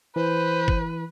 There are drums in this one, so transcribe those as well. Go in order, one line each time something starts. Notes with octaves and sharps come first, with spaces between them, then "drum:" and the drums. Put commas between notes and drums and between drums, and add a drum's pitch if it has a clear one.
E3 B4 C5
drum: kick G1